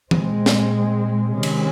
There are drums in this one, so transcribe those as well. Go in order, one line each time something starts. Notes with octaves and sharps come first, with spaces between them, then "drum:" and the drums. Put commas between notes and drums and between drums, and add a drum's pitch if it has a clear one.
A#2 G#3 C4, drum: tom E3
drum: snare
C3 D#3 G#3 C#4
drum: cymbal